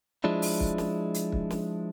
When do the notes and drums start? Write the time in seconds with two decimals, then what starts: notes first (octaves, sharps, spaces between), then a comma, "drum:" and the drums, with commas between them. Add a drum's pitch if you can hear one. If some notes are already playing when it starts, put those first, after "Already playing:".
0.24 F3 G#3 D4 E4
0.42 drum: open hi-hat
0.60 drum: kick
0.78 drum: snare
1.14 drum: hi-hat
1.32 drum: kick
1.50 drum: snare